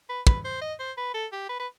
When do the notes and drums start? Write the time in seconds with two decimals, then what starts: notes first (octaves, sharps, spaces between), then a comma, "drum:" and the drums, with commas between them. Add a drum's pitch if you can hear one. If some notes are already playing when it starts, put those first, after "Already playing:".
0.09 B4
0.27 B4, drum: kick
0.44 C5
0.61 D#5
0.79 C5
0.97 B4
1.14 A4
1.32 G4
1.49 B4
1.60 B4